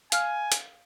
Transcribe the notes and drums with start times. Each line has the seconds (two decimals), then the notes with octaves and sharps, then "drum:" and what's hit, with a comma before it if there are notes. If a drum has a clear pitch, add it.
0.12 F5 G#5 F6, drum: hi-hat
0.52 drum: hi-hat